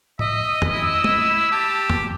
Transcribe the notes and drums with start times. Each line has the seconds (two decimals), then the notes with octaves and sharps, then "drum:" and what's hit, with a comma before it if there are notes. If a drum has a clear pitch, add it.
0.19 D#5 E5, drum: tom A2
0.62 drum: tom
0.73 E4 E6
1.04 drum: tom
1.51 G4 A5
1.90 drum: tom